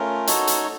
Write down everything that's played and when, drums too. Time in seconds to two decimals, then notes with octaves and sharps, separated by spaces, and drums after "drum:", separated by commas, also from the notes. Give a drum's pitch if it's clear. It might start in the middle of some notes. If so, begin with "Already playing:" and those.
Already playing: A3 C#4 F4 A#4
0.27 D#4 F#4 A4 C#5, drum: hi-hat
0.47 drum: hi-hat